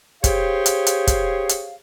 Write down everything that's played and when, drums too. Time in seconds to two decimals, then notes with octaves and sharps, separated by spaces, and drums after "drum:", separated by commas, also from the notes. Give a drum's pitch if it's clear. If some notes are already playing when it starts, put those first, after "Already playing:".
0.24 G4 G#4 C5 C#5 F5, drum: kick, hi-hat
0.66 drum: hi-hat
0.87 drum: hi-hat
1.07 drum: kick, hi-hat
1.49 drum: hi-hat